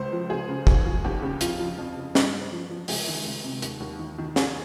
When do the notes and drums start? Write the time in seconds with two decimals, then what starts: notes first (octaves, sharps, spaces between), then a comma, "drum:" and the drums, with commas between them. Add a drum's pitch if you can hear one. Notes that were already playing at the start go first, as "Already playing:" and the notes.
Already playing: C#2 C5
0.12 F3
0.30 C#2 G#4
0.49 C#3
0.67 D#2 G#4, drum: kick
0.85 F3
1.04 D#2 G4
1.22 C#3
1.41 F2 F4, drum: hi-hat
1.59 F3
1.78 F2
1.97 C#3
2.15 G2, drum: snare
2.33 G2
2.52 F3
2.70 F3
2.88 C#2 G#4, drum: open hi-hat
3.08 D#3
3.26 C#2
3.44 C3
3.62 D#2, drum: hi-hat
3.80 D#2
3.99 D#3
4.18 D#3
4.36 D#2 G#4, drum: snare